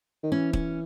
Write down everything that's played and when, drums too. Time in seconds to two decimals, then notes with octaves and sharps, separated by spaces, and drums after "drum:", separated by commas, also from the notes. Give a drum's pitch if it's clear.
0.23 D#3
0.32 E3 C#4
0.53 C#4, drum: kick